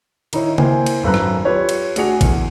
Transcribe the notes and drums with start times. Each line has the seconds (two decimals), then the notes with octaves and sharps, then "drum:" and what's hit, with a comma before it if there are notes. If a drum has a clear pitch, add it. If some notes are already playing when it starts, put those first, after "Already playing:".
0.33 D#3 D#4 E4 C#5, drum: cymbal
0.58 A#3 E4 C5 G5 G#5, drum: tom C#3
0.86 drum: cymbal
1.04 G#1 F#2 A4 B4 A#5 F#6
1.14 drum: rim click
1.45 F4 G4 A4 B4 C#5
1.69 drum: cymbal
1.96 A3 D4 F#4 G#4 C#7 F7, drum: cymbal
2.21 E2 A4, drum: kick A1, cymbal